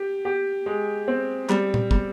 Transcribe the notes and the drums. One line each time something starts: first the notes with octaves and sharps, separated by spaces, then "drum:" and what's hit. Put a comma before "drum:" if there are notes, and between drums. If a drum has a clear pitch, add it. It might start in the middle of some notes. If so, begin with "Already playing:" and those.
Already playing: G4
G4
G#3
C4
G3, drum: clap
drum: tom A#2
G3, drum: kick